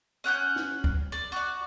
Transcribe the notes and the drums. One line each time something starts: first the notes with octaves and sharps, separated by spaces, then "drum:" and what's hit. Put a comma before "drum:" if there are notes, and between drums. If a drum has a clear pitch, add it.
C#4 F#5 D6 G6
drum: snare
drum: kick
D5
F#4 D5